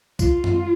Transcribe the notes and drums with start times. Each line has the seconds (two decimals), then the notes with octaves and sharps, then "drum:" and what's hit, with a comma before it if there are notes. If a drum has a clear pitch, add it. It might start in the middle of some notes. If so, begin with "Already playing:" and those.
0.19 F4, drum: kick C2, tambourine
0.44 drum: tom F#2